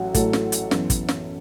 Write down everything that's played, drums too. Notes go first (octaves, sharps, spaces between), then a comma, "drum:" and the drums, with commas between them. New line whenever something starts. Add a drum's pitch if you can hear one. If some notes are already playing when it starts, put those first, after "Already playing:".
Already playing: A1 A2 F#3 F#4
A1 A2 F#3 A4, drum: kick, hi-hat
drum: snare
drum: hi-hat
F#2 E3 B3, drum: snare
drum: kick, hi-hat
drum: snare